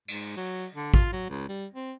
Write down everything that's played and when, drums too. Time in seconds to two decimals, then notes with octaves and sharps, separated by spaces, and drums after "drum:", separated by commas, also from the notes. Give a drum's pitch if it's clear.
0.08 G#2, drum: cymbal
0.37 F#3
0.75 D3
0.94 F4, drum: kick A1
1.12 F#3
1.29 C#2
1.49 G3
1.74 C4